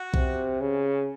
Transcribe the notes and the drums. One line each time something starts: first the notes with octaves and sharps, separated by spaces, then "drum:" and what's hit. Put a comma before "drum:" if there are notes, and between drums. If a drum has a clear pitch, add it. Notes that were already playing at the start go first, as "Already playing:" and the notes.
Already playing: F#4
C3, drum: kick
C#3